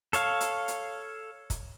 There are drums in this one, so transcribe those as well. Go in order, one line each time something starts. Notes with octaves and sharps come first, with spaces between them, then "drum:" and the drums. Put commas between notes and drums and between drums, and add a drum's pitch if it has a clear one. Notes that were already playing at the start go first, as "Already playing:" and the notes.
A4 C#5 F5, drum: hi-hat
drum: hi-hat
drum: hi-hat
drum: kick, hi-hat